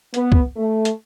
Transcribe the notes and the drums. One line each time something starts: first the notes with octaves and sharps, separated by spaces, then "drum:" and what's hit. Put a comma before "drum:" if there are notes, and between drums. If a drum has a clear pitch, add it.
B3, drum: hi-hat
drum: kick C2
A3
drum: hi-hat